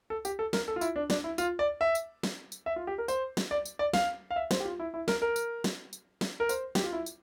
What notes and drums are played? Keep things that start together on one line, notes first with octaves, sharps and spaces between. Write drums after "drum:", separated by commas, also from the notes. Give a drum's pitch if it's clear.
A4
G4, drum: tambourine
A4
A#4, drum: snare
A4
F4
E4, drum: tambourine
D4
D4, drum: snare
E4
F4, drum: tambourine
D5
E5
drum: tambourine
drum: snare
drum: tambourine
E5
F4
G4
A#4
C5, drum: tambourine
drum: snare
D5
drum: tambourine
D5
F5, drum: snare
F5
E5
C5, drum: snare
G4
F4
E4
E4
A#4, drum: snare
A#4
drum: tambourine
drum: snare
drum: tambourine
drum: snare
A#4
C5, drum: tambourine
G4, drum: snare
F4
E4
drum: tambourine